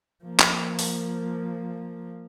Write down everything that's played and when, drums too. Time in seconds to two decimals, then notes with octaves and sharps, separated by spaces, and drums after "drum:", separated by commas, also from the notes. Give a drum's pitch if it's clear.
0.24 F3 A#3
0.40 drum: clap
0.79 drum: open hi-hat